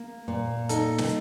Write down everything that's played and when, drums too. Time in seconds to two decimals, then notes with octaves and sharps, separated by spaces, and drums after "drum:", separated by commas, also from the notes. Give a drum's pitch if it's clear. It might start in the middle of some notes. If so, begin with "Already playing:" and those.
Already playing: A#3
0.28 A#2
0.69 D#4 A4, drum: hi-hat
0.98 drum: snare